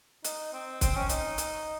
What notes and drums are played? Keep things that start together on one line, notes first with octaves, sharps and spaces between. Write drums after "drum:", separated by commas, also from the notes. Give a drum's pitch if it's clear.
D#4, drum: hi-hat
C4
C4, drum: kick, hi-hat
C#4
D#4, drum: hi-hat
drum: hi-hat